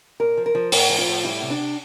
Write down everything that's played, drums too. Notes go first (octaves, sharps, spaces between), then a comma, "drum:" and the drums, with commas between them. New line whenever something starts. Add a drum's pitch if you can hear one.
A#2 A#4
F3
A#4
F3
A2 A#4, drum: open hi-hat
F3
F4
A2
G3 E4
C3
D4
C3